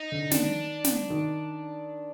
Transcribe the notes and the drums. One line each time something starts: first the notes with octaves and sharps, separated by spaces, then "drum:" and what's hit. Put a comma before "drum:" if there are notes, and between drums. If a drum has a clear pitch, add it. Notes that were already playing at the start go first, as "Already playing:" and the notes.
Already playing: D#4
D3
D#3 D4, drum: snare
drum: snare
D#3